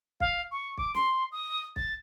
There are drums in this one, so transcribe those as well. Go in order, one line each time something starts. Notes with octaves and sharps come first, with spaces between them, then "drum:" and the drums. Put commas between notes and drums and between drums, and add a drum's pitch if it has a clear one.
F5, drum: kick
C#6
D6, drum: kick
C6, drum: snare
D#6
A6, drum: kick